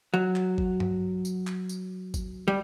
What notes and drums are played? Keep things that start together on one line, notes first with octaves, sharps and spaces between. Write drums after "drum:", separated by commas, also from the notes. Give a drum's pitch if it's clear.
F#3
drum: clap
drum: kick G#1
drum: tom G2
drum: tambourine
drum: clap
drum: tambourine
drum: kick G#1, tambourine
G3